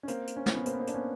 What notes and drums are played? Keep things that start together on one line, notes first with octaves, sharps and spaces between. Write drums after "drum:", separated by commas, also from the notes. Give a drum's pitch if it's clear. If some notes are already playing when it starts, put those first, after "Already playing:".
C#4
A#3 C4, drum: hi-hat
drum: hi-hat
C#4
C4, drum: snare
B3 C#4
A#3 C4, drum: hi-hat
B3
A#3 C4
D4, drum: hi-hat
B3 C#4